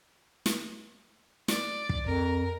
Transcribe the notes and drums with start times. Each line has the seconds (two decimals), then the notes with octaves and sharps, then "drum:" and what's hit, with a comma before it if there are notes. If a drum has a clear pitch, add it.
0.46 drum: snare
1.48 D5, drum: snare
1.89 drum: kick
2.06 F2 A#4